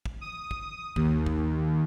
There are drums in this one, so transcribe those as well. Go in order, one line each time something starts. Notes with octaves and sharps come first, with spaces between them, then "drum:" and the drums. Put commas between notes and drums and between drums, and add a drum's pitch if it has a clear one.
drum: kick
D#6
drum: kick
D#2, drum: kick
drum: kick